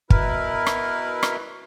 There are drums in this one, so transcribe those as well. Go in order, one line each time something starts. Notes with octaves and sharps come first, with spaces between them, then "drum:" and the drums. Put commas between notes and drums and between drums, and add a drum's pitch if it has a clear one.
B2 E4 A#4 B4, drum: kick
drum: rim click
drum: rim click